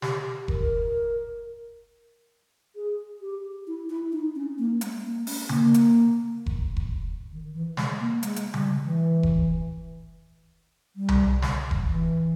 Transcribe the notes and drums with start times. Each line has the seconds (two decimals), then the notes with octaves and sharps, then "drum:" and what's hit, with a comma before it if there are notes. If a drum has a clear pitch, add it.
0.02 G4, drum: snare
0.48 A#4, drum: kick F1
2.76 G#4
3.21 G4
3.67 E4
3.90 E4
4.12 D#4
4.35 C#4
4.58 A#3
4.81 G#3, drum: hi-hat
5.04 A#3
5.27 C#4, drum: open hi-hat
5.49 A#3, drum: tom C#3
5.74 drum: hi-hat
6.46 drum: kick F1
6.76 drum: kick F1
7.32 D#3
7.54 E3
7.77 G#3, drum: snare
8.00 A#3
8.23 G#3, drum: hi-hat
8.36 drum: hi-hat
8.54 G3, drum: tom C#3
8.83 E3
9.23 drum: kick F1
10.96 G3
11.09 drum: tom C2
11.42 drum: snare
11.71 drum: kick F1
11.87 E3